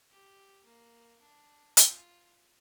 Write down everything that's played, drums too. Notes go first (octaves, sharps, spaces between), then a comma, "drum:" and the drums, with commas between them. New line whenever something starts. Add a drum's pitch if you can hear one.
G4
A#3
D4
F4, drum: hi-hat